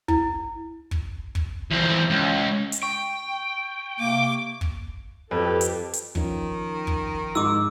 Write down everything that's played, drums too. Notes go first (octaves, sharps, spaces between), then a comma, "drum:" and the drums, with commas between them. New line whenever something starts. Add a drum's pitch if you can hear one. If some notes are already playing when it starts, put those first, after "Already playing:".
E4, drum: kick
drum: kick
drum: kick
E2 C4
C#2
drum: hi-hat
G5 C#6
C3 A#3 D6
drum: kick
F2 G4 A4 B4
drum: hi-hat
drum: hi-hat
D#3 F3 C#4 D#4, drum: kick
drum: kick
G#2 D6 E6